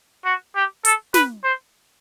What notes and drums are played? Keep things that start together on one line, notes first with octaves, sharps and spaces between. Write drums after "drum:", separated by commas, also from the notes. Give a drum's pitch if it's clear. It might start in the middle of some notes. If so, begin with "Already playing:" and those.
F#4
G4
A4, drum: hi-hat
B4, drum: snare
C5